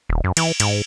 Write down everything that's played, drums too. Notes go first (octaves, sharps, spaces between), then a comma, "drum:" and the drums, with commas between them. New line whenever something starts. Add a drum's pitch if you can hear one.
D#1
F#2
E3, drum: cymbal
G#2, drum: cymbal